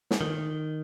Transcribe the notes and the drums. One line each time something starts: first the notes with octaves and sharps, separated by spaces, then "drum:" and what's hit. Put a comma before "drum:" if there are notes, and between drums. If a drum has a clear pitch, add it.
drum: snare
D#3